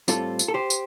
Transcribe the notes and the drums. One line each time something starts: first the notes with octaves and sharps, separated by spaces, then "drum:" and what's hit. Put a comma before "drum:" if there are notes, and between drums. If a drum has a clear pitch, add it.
A2 G3 C4 F4 A4, drum: tambourine
drum: tambourine
A4
G4 C5
drum: tambourine